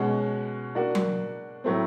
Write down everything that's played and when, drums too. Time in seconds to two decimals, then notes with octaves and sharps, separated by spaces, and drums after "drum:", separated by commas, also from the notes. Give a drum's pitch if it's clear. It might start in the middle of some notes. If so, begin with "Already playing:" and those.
Already playing: B2 G#3 C#4 F#4
0.75 A#3 D4 F#4
0.95 drum: tom F#3
1.64 A2 F#3 A3 C4